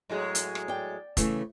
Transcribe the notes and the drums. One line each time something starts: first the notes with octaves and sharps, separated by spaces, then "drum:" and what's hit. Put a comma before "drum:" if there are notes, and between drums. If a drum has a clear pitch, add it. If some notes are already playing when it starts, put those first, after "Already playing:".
A2 F#3 G#3
drum: hi-hat
drum: rim click
D5 G5
C#3 E3 A3, drum: kick F1, hi-hat